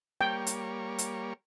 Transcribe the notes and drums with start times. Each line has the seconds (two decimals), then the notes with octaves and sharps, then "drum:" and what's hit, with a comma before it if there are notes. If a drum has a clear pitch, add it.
0.21 G3 A#3 C#5 G5
0.47 drum: hi-hat
0.98 drum: hi-hat